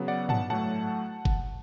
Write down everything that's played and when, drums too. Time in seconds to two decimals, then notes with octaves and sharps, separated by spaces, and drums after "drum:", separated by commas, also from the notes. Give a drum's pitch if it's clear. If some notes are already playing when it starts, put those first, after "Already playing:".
Already playing: C#3 F#3 B3
0.08 D5 F#5
0.29 F#5 A5, drum: tom
0.50 A2 F#3 A3 F#5 A5
1.25 drum: kick G1